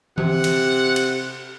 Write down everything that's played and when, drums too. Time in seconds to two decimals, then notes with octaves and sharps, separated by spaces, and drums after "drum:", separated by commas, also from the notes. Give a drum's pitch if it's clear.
0.18 C3 F#5, drum: tom E3
0.44 drum: cymbal
0.96 drum: cymbal